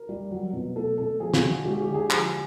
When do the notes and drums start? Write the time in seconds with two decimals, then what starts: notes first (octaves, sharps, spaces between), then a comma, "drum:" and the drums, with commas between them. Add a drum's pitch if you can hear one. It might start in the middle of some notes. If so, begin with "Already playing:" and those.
Already playing: A#4
0.09 G3
0.31 F#3
0.53 B2
0.76 A3 A4
0.98 B2 A4
1.20 F3 G#4
1.34 F4, drum: snare
1.42 D3 F#4
1.65 G#3 G4
1.74 G#4
1.80 G4
1.88 D3
1.94 G#4
2.10 F3, drum: clap